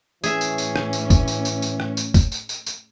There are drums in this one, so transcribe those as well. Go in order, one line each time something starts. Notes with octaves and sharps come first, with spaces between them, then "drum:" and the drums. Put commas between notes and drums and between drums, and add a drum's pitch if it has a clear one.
A2 E3 C#4 G#4 E5, drum: tambourine
drum: tambourine
drum: tambourine
drum: rim click
drum: tambourine
drum: kick, tambourine
drum: tambourine
drum: tambourine
drum: tambourine
drum: rim click
drum: tambourine
drum: kick, tambourine
drum: tambourine
drum: tambourine
drum: tambourine